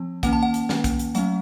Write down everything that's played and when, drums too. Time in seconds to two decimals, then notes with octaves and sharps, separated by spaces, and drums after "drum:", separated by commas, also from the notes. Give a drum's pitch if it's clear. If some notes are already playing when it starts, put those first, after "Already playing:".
Already playing: F3 C4
0.23 D#3 A#3 C#4 F#5, drum: kick, hi-hat
0.33 A5
0.43 F#5
0.54 drum: hi-hat
0.69 D#3 A#3 C#4, drum: snare
0.84 drum: kick, hi-hat
0.99 drum: hi-hat
1.15 F#3 A3 C#4 F#5, drum: hi-hat